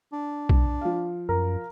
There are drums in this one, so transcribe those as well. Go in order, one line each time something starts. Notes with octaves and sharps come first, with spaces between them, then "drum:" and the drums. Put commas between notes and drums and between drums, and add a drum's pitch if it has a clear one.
D4
drum: kick
F3 F5
F#2 A#4